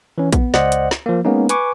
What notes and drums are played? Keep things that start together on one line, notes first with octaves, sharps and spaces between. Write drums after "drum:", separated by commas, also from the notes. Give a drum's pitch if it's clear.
E3 C#4
B3, drum: kick A#1, hi-hat
C#2 C5 D5 D#5 F#5 F#6, drum: snare
drum: hi-hat
drum: snare
F3 A#3
G#3 A#3 B3 C#4 D#4
B4 G#5 C#6 D6, drum: hi-hat